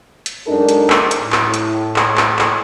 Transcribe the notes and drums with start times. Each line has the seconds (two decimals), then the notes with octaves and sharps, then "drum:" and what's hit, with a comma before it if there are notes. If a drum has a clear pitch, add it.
0.26 drum: hi-hat
0.47 F#2 G#3 D4 D#4 A4 A#4
0.69 drum: hi-hat
0.90 drum: clap
1.11 drum: hi-hat
1.22 A2
1.32 drum: clap
1.54 drum: hi-hat
1.96 drum: clap
2.17 drum: clap
2.39 drum: clap